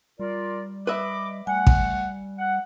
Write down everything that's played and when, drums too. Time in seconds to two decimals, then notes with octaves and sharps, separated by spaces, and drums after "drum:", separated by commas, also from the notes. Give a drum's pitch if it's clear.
0.20 G3 F4 A#4 D5
0.87 B4 D#5 E5 B5 D6
1.47 G3 A3 F#5 G#5
1.67 drum: kick
2.39 F#5